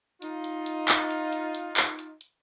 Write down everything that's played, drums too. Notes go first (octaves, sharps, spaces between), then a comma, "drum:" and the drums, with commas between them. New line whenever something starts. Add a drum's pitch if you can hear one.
D#4 F4, drum: hi-hat
drum: hi-hat
drum: hi-hat
drum: clap
drum: hi-hat
drum: hi-hat
drum: hi-hat
drum: clap
drum: hi-hat
drum: hi-hat